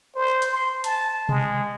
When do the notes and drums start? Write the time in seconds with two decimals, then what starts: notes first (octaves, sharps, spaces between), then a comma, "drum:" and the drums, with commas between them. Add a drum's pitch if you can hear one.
0.16 C5
0.42 drum: hi-hat
0.52 C6
0.84 A5, drum: hi-hat
1.29 G#3, drum: tom B2